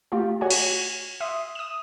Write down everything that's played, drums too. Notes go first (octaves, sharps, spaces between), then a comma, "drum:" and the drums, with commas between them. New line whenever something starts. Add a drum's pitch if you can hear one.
A3 F4 G4
F#4 C#5 F#5 G#5
drum: cymbal
E5 C6 D#6
D#6 E7